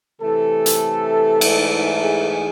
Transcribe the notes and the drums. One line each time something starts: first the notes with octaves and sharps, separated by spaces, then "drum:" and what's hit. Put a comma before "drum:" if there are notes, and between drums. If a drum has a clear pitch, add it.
C3 E3 A3 A4
drum: hi-hat
G#2 E3 A3, drum: cymbal
G#4